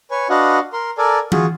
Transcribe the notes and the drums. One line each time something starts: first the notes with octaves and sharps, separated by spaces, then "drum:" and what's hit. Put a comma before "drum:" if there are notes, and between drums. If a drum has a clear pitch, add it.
B4 C#5 G#5
D4 F#4 B4 D#5 F5 F#5
A#4 C6
A4 A#4 D5 G#5
F4 F#4 G#4, drum: tom E3